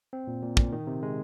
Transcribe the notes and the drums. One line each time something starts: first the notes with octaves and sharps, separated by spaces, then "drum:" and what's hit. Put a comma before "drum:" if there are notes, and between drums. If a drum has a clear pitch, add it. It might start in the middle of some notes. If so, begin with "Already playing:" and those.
C4
A#2
A#2
A#2, drum: kick
D#3
C3
G#3